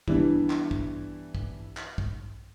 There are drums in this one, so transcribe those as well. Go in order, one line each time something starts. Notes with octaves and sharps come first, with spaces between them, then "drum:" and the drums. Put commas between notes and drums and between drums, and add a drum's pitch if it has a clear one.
E3 G3 B3 D4 E4, drum: kick
drum: clap
drum: kick
drum: kick
drum: clap
drum: kick